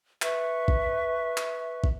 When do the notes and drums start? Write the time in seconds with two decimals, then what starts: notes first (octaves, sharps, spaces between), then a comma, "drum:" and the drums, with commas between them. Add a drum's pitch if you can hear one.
0.22 B4 E5 C#6, drum: clap
0.68 drum: kick
1.37 drum: clap
1.84 drum: kick